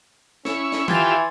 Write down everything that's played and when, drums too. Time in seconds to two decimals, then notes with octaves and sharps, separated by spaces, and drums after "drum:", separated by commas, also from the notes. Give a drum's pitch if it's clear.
0.45 C#4 E4 C#5, drum: snare
0.72 drum: snare
0.88 E3 F4 G4 E5 C6 G#6 A6, drum: tom E3